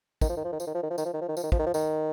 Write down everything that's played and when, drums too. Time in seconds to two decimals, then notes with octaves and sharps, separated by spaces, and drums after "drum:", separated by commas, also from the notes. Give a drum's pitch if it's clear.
0.21 D#3, drum: kick, tambourine
0.29 F3
0.37 D#3
0.45 F3
0.52 D#3
0.60 F3, drum: tambourine
0.67 D#3
0.74 F3
0.83 D#3
0.90 F3
0.98 D#3, drum: tambourine
1.05 F3
1.13 D#3
1.21 F3
1.28 D#3
1.37 F3, drum: tambourine
1.43 D#3
1.52 F3, drum: kick
1.59 D#3
1.66 F3
1.74 D#3, drum: tambourine